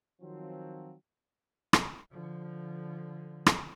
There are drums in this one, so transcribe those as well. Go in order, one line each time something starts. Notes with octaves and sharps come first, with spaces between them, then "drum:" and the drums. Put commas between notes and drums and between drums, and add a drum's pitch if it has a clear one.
D#3 F3 F#3 C4
drum: rim click
D3 F3
drum: rim click